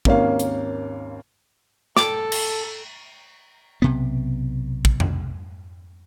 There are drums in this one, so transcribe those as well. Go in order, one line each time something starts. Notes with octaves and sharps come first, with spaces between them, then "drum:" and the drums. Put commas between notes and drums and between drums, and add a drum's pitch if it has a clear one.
G#1 D#2 A#3 C#4 F5, drum: kick
drum: hi-hat
A4 D6, drum: snare
drum: cymbal
B1 C3 B3
drum: kick
drum: tom F2